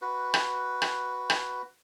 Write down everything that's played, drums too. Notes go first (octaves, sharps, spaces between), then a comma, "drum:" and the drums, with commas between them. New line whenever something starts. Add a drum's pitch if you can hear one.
F#4 B4
drum: rim click
drum: rim click
drum: rim click